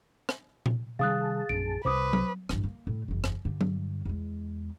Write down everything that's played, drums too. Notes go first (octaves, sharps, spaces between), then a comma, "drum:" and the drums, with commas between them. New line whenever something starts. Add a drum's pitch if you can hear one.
drum: rim click
drum: tom A#2
C3 D#3 G3 G#4 F5 A5 D#6 F#6
A#1 F#2 D7
C2 C3 B4 C5 D6 D#6
drum: tom F#3
A1 G2, drum: rim click
A#3
A2
F#1 E2
drum: rim click
G2 D3
drum: tom F#3
E2 G#3